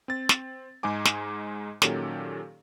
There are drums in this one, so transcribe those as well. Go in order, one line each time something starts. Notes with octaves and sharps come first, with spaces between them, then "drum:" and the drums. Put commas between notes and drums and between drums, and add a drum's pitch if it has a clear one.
C4 A6
drum: snare
G#2 G#3 D#4 G#5 D6
drum: snare
A#2 D#3 F#3 C#4 G4 A4, drum: snare